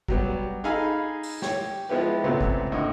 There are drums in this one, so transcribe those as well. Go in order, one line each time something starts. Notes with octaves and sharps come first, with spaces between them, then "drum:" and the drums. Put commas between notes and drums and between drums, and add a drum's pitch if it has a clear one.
F#3 G3 B3, drum: kick
D#4 G#4 A4 F5 G#5 B5
drum: open hi-hat
G4 C#5, drum: snare
F3 G#3 B3 E4 G4 B4
C#2 A#2 A3 B3 C4
drum: kick
A2 D3 D#5